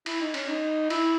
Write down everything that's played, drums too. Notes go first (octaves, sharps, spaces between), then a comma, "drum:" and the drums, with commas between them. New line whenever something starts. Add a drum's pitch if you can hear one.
E4, drum: cymbal
D#4
C#4, drum: cymbal
D#4
E4, drum: cymbal